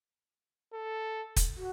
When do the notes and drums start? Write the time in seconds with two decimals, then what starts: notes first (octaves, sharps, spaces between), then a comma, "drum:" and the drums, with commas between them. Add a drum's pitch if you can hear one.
0.73 A4
1.36 drum: kick, hi-hat
1.57 F#4